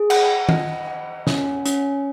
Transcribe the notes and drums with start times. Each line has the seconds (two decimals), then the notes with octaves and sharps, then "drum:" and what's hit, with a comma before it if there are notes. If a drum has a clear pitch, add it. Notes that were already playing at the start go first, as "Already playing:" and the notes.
Already playing: G#4
0.10 F#5, drum: cymbal
0.49 D#5, drum: tom D#3
0.88 F#5
1.27 C#4, drum: snare
1.66 C#4, drum: hi-hat